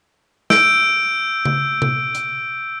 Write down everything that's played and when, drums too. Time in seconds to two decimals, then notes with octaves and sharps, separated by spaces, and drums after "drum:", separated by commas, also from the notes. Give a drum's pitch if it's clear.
0.50 E6 G6 D7, drum: snare
1.45 drum: tom C#3
1.82 drum: tom C3
2.15 drum: hi-hat